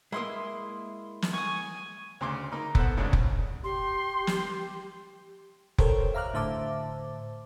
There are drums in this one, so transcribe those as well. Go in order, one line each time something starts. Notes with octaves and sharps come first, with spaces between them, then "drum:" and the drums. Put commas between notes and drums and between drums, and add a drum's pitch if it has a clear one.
G#3 A#3 E4 C6 D#6
drum: snare
G#5 C#6 D#6
D2 C#3 C6 D6
A#3 D#4 B5
B3 A4 C5 F#5, drum: kick F1
C2 F#2 C#3 G#3 C#4 D4
drum: kick F1
G4 C6
drum: snare
G4 A4 A#4 C5 C#5 G5, drum: kick F1
E5 F5 A#5 D6 F6 F#6
A2 D3 C5 E5 A5 D6